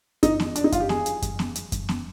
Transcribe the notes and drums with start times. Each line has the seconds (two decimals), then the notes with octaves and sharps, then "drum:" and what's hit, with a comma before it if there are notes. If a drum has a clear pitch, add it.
0.23 D#4, drum: kick F#2, hi-hat
0.40 drum: snare B3
0.56 D4, drum: hi-hat
0.64 D#4
0.72 F4, drum: kick F#2, hi-hat
0.80 G4
0.89 G#4, drum: snare B3
1.06 drum: hi-hat
1.22 drum: kick F#2, hi-hat
1.39 drum: snare B3
1.56 drum: hi-hat
1.72 drum: kick F#2, hi-hat
1.89 drum: snare B3